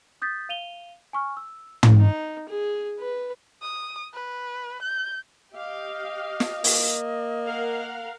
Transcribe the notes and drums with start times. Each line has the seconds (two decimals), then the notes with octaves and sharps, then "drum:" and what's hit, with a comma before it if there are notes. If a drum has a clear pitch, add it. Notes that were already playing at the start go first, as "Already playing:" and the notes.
0.22 D#6 G6 A6 B6
0.49 F5 D#7 F7 G7
1.13 G#5 C#6 F6
1.37 E6
1.83 drum: tom
1.98 D#4
2.48 G#4
2.99 B4
3.62 D#6
4.14 B4
4.83 G6
5.55 G4 D#5 F5
6.40 drum: snare
6.64 A#3, drum: open hi-hat
7.46 A#4 F5 F#5